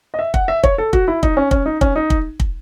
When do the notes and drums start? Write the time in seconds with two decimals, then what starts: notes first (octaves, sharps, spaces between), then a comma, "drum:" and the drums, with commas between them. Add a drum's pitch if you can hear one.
0.14 D#5
0.19 E5
0.34 F#5, drum: kick
0.48 E5
0.63 C#5, drum: kick
0.78 A4
0.93 F#4, drum: kick
1.08 E4
1.23 D#4, drum: kick
1.37 C#4
1.51 C#4, drum: kick
1.66 D#4
1.81 C#4, drum: kick
1.96 D#4
2.10 drum: kick
2.40 drum: kick